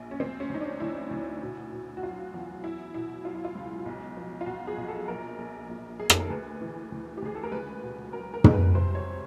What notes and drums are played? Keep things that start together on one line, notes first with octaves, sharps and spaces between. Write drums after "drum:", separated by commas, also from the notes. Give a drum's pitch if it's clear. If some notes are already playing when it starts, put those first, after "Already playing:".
Already playing: A#1
C#4
D2 C4
C#4
D2 D#4
D4
D2 E4
D2
B2
B2
F#4
F#3 F4
E2
F#3 E4
B2 E4
F#3 F4
E4
F4
C#2
B1
F3
F4
B1 F#4
G#4
B1
A4
A#1 A#4
A#1
A#1
A#1 G#4
A4, drum: rim click
A#4
D2 B4
E3
D2
G4
D2 G#4
A4
A#4
C#2 B4
B2
F#3 A#4
A#4
C#2, drum: tom
B4
C3 C5
C#5